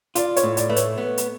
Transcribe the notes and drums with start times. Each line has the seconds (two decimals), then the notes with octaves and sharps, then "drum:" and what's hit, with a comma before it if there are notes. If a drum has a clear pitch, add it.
0.15 F4 D5, drum: hi-hat
0.36 C#5, drum: hi-hat
0.43 A2
0.57 D5, drum: hi-hat
0.70 A3 B4
0.76 C#5, drum: hi-hat
0.98 B3
1.18 drum: hi-hat